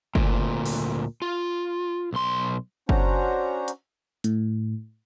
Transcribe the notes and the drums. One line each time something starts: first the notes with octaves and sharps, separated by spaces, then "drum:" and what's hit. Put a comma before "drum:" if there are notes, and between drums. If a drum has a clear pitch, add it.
D2 A#2, drum: kick F#1
drum: open hi-hat
F4
B1 C6
C#4 D4 F#4 C5 A#5, drum: kick F#1
drum: hi-hat
A2, drum: hi-hat